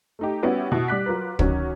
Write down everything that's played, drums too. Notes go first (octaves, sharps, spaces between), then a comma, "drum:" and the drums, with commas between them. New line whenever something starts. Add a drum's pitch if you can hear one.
A3 D#4 G4
G3 B3 C#4 E4 F#4 G4
B2 E4
G3 D6 F#6 B6
F#3 F4 A#4 B4
D#3 F#3 C#4, drum: kick